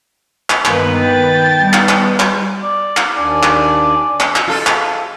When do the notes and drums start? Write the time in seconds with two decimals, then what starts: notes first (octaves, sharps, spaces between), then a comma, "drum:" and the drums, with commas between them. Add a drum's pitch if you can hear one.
0.50 drum: clap
0.65 G2 D#3 A#3 B3 B4, drum: clap
0.99 G5 A5 A6
1.60 G3 B3 D#4
1.73 drum: clap
1.89 drum: clap
2.20 drum: clap
2.63 D5
2.97 drum: clap
3.17 D#2 D4 D5 G#5
3.43 drum: clap
4.20 drum: clap
4.36 drum: clap
4.47 F4 G#4 A4
4.67 drum: clap